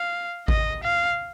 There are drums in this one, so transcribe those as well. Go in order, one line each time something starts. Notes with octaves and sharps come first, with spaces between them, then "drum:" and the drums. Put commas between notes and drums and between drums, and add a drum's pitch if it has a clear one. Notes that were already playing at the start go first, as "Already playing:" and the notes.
Already playing: F5
D#5, drum: kick G#1
F5